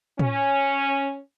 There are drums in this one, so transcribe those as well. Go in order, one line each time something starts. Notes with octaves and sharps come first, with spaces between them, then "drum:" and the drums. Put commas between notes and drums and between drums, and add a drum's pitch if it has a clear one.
C#4, drum: tom